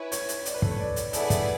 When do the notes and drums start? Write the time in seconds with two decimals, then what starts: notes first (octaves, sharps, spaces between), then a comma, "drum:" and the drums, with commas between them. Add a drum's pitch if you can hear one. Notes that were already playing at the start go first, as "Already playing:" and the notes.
Already playing: E4 B4 C#5 G#5
0.12 C#5, drum: hi-hat
0.29 drum: hi-hat
0.45 D5, drum: hi-hat
0.54 B4
0.62 A4, drum: kick
0.71 C#5
0.80 D5
0.96 drum: hi-hat
1.13 B3 E4 G#4 A4 B4 D5, drum: hi-hat
1.30 drum: kick, hi-hat